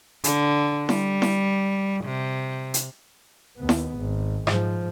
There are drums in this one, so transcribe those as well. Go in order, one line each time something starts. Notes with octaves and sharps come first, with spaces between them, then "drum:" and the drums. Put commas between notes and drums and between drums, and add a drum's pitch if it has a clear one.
D3, drum: hi-hat
G3, drum: snare E4
drum: snare E4
C3
drum: hi-hat
D#2 B3
drum: snare E4
G#1
G#2 F3, drum: rim click